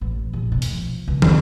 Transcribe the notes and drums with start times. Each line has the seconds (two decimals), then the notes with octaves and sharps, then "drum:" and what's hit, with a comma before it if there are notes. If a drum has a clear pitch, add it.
0.01 A1
0.33 A#1
0.52 D2 B2
0.62 drum: open hi-hat
0.71 F3
1.08 C#2
1.22 E2, drum: tom